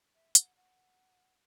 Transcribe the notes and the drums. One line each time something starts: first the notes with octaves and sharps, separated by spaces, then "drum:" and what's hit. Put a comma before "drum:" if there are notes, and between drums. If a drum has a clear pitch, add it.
E5
F#5, drum: hi-hat
F#5